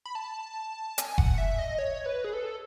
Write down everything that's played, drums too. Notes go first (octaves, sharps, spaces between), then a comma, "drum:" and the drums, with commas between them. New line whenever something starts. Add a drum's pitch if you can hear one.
B5
A5
G#5, drum: hi-hat
F#5, drum: kick F1
E5
D#5
C#5
B4
G#4
A4